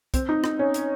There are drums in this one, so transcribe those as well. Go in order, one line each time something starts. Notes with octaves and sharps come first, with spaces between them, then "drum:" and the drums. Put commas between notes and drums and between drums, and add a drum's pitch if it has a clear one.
C4, drum: kick, hi-hat
D#4
D#4, drum: rim click
C#4
drum: hi-hat